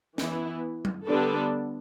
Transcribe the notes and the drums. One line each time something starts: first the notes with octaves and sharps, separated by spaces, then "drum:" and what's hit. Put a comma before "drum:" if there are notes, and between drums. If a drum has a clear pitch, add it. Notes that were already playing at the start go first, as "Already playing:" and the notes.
E3 B3 E4, drum: snare
drum: tom F#3
D3 G3 B3 D4 A4